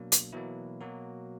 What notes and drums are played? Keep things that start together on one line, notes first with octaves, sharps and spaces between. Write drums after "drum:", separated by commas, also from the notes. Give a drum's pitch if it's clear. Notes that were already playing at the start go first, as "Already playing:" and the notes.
Already playing: B2 F#3 A#3 D4
drum: hi-hat
B2 E3 F#3 A#3 E4
B2 F#3 A#3 F#4